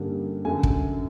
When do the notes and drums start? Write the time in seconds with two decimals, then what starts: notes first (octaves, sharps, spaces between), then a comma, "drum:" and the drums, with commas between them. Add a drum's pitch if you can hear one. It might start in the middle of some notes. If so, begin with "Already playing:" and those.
Already playing: G2 D3 G3 A#3 C#4
0.45 F#2 D3 F#3 G#5
0.63 drum: kick